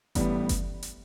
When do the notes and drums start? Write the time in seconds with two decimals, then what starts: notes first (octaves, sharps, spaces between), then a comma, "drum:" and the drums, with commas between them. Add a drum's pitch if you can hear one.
0.15 A1 A2 G3 B3, drum: kick F#1, hi-hat
0.49 drum: kick F#1, hi-hat
0.83 drum: hi-hat